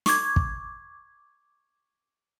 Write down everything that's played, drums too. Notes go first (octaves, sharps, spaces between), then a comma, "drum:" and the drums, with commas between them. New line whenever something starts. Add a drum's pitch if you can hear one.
C#6 D6 G#6, drum: snare
drum: kick